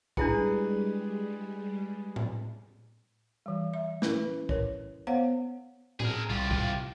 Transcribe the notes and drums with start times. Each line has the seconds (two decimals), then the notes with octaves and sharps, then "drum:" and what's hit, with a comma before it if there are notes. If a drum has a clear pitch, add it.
0.17 G3 G#3 D4 E4 G#4 B4 G5, drum: kick
2.16 drum: tom A2
3.46 E3 G3
3.74 E5
4.02 C#4 E4 A#4 B4, drum: snare
4.49 A#4 C#5, drum: kick
5.07 B3 C5 C#5 F5 F#5
6.00 G#4 A#4, drum: tom A2
6.30 C2 F4 G4
6.51 drum: kick